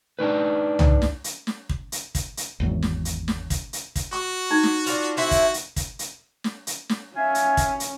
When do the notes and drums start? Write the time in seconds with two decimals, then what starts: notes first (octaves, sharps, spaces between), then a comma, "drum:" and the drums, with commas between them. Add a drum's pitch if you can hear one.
0.19 D4 D#4 B4
0.79 drum: tom C2
1.02 drum: snare
1.24 drum: hi-hat
1.47 drum: snare
1.69 drum: kick
1.92 drum: hi-hat
2.15 drum: kick, hi-hat
2.37 drum: hi-hat
2.60 G#1 E2 F#3
2.82 drum: snare
3.05 drum: hi-hat
3.28 drum: snare
3.50 drum: kick, hi-hat
3.73 drum: hi-hat
3.96 drum: kick, hi-hat
4.13 F#4 C#6
4.51 D#4
4.63 drum: snare
4.86 D4 F4, drum: hi-hat
5.17 A3 C4 E4 F#4
5.31 drum: kick, hi-hat
5.54 drum: hi-hat
5.76 drum: kick, hi-hat
5.99 drum: hi-hat
6.44 drum: snare
6.67 drum: hi-hat
6.89 drum: snare
7.16 C#4 E5 F5 G#5
7.35 drum: hi-hat
7.57 drum: kick, hi-hat
7.80 drum: hi-hat